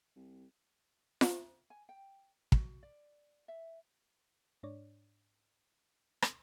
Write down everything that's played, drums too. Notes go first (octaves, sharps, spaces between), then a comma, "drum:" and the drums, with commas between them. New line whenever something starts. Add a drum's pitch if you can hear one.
C2
drum: snare F4
G#5
G5
F#4, drum: kick
D5
E5
G#2 D4 C#5 D5
drum: rim click